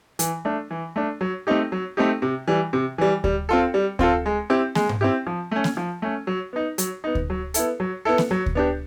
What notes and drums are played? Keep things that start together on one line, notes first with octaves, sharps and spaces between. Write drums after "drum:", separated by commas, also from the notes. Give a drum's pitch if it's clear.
E3, drum: hi-hat
A3 D4
E3
A3 D4
F#3
A3 C4 D#4 G4
F#3
A3 C4 D#4 G4
C3
E3 G3
C3
E3 G3
G3, drum: kick D2
C4 F4 A4
G3
C4 F4 A4, drum: kick D2
G#3
C4 E4 G4
G#3, drum: snare A#3
drum: tom G#2
C4 E4 G4
F3
A3 C#4
drum: snare A#3
F3
A3 C#4
F#3
B3 D#4
F#3, drum: hi-hat
B3 D#4
drum: kick D2
F#3
B3 E4 A4, drum: hi-hat
F#3
B3 E4 A4
drum: snare A#3
F#3
drum: kick D2
B3 D4 G4